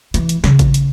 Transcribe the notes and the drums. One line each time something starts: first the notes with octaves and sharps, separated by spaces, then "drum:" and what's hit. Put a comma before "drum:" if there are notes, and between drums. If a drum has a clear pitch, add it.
E3, drum: hi-hat
drum: hi-hat
C#3, drum: snare
drum: kick A1, hi-hat
drum: hi-hat